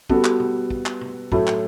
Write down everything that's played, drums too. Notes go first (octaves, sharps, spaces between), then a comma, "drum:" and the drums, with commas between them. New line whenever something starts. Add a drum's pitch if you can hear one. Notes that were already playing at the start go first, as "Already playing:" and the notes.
G3 B3 F#4 A4, drum: kick
drum: clap
drum: tom
drum: kick
drum: clap
drum: tom
A2 F#3 A3, drum: kick
drum: clap